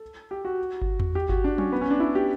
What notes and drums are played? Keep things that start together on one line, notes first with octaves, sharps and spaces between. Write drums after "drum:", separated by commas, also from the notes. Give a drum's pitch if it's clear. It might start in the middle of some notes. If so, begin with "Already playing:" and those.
Already playing: A4
G4
F#4
drum: kick G1
drum: tom E2
G4
F#4, drum: kick G1
D4
C#4, drum: tom F#3
B3
C#4
D4
E4
G4